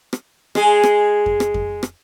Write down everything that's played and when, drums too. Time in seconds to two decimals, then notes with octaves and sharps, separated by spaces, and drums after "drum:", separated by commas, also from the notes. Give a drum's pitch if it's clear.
0.13 drum: rim click
0.55 G#3 G#4, drum: rim click
0.83 drum: rim click
1.26 drum: kick F2
1.40 drum: rim click
1.54 drum: kick F2
1.83 drum: rim click